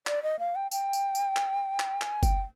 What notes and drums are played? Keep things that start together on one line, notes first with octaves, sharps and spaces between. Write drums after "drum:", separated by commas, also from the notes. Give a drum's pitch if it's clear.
D5, drum: clap
D#5
F5
G5
G5, drum: tambourine
drum: tambourine
drum: tambourine
drum: clap
drum: clap
G#5, drum: clap
G5, drum: kick F#1, tambourine